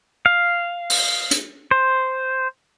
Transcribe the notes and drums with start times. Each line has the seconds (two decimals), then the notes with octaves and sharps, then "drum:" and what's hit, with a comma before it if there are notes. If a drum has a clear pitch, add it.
0.26 F5
0.90 drum: open hi-hat
1.31 drum: hi-hat
1.71 C5